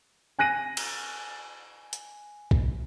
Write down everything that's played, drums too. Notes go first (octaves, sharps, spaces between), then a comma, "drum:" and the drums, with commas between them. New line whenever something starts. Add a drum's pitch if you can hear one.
G#5 F#6 A#6 D#7
drum: cymbal
drum: hi-hat
drum: kick B1